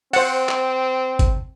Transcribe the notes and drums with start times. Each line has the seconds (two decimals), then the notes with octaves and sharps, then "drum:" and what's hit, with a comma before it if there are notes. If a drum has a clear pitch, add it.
0.13 C4 C5 F#5, drum: open hi-hat
0.49 drum: clap
1.19 drum: kick, hi-hat